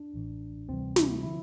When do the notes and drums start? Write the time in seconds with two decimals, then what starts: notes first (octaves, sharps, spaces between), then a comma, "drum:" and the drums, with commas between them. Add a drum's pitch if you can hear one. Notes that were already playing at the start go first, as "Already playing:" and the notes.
Already playing: D4
0.14 A1 A2 E3
0.69 D2 C3 E3 G3 C4
0.96 E4, drum: snare
1.23 D3 F3 E4